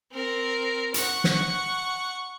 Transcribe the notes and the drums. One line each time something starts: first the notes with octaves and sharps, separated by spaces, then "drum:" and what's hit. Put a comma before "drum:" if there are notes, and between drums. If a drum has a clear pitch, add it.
C4 A#4
F#5 C#6, drum: hi-hat
drum: snare